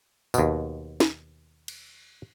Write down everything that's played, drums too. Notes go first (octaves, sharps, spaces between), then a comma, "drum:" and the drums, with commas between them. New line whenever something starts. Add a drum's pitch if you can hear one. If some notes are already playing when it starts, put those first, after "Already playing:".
D#2 B2, drum: tambourine
drum: snare
drum: cymbal